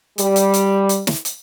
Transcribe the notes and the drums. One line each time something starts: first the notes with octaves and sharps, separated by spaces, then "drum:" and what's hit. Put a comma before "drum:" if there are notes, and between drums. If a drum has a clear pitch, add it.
G3, drum: hi-hat
drum: hi-hat
drum: hi-hat
drum: hi-hat
drum: snare
drum: hi-hat